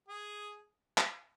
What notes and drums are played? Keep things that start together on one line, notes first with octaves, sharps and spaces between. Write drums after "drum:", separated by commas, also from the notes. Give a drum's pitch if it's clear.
G#4
drum: clap